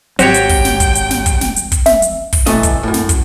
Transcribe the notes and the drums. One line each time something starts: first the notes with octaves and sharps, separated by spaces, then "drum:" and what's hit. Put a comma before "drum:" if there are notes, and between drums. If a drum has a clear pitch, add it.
G#1 F#3 C4 F#4 G4 C#5 G5, drum: hi-hat
drum: hi-hat
drum: kick, open hi-hat
drum: snare
drum: kick, hi-hat
drum: hi-hat
drum: snare
drum: kick, hi-hat
drum: snare
drum: hi-hat
drum: kick, hi-hat
E5, drum: snare
drum: hi-hat
drum: kick, open hi-hat
B1 E3 A3 D#5, drum: snare
drum: kick, hi-hat
F#2 A2
drum: snare
drum: kick, hi-hat